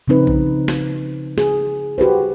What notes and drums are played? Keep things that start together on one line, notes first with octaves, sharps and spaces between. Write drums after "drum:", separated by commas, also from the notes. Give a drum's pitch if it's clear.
C#3 F3 C4 D#4 B4
drum: kick A#1
drum: snare
G#4, drum: snare
F#4 G4 B4 C5